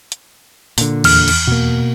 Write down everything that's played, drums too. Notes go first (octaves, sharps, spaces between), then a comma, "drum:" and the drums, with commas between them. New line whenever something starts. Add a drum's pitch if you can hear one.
drum: hi-hat
A#2 D3, drum: open hi-hat
E2 F6, drum: cymbal
drum: cymbal
B2 A#3